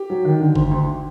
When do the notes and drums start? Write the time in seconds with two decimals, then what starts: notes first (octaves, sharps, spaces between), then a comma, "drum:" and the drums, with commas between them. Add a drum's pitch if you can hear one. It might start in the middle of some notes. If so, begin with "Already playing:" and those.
Already playing: G4
0.10 F#3
0.25 D#3
0.40 D3
0.55 D2, drum: kick G1
0.71 D2